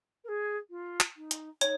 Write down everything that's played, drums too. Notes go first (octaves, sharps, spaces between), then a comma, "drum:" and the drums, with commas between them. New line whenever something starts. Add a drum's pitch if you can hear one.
A#4
G#4
F4
drum: clap
D#4
drum: hi-hat
D#4 C#5, drum: hi-hat